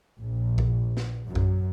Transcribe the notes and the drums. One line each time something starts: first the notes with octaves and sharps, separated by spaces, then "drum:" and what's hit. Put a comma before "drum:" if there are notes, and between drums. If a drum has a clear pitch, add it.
A#1
drum: kick A#1
drum: snare
F#2
drum: kick A#1